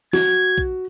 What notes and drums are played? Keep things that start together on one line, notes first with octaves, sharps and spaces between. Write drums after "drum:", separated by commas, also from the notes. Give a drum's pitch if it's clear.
F#4 G#6, drum: snare
drum: kick B1